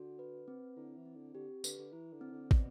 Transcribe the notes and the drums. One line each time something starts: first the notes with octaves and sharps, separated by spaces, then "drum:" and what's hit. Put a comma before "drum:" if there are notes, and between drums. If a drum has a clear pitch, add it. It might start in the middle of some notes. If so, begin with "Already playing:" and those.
Already playing: D3 F#4
B4
C4
D3 E4
E3
C4
D3
D3 G4
D3 B4, drum: tambourine
D3
E3 E4
D3
C4
D3
B2 D5, drum: kick